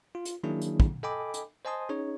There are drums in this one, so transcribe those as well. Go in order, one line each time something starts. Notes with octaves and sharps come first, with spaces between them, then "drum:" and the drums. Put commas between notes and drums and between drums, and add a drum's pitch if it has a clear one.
F4
drum: hi-hat
D#3 F#3 A#3 D4 E4 G#4
drum: hi-hat
drum: kick
A4 D#5 G5 G#5 B5 D6
drum: hi-hat
C5 D#5 G#5 A5 C6 D#6
C#4 D#4 G#4 C#5